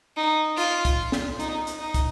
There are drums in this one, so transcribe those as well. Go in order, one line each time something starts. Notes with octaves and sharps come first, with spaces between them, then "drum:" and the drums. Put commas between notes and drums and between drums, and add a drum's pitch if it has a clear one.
D#4
F4, drum: hi-hat
drum: kick, hi-hat
drum: snare
D#4, drum: hi-hat
drum: hi-hat
D#4
drum: kick, hi-hat